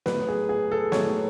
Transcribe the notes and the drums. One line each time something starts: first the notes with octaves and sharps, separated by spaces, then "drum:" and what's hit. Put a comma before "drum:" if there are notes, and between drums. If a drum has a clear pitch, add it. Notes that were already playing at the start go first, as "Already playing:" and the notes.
A2 F#3 B3 B4, drum: snare
G#4
G#4
A4
A2 F#3 B3 C#5, drum: snare